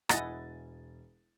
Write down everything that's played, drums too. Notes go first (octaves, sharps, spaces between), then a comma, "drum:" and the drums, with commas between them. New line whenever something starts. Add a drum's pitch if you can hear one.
E1 E4 D#5 F#5 G#5 A6, drum: rim click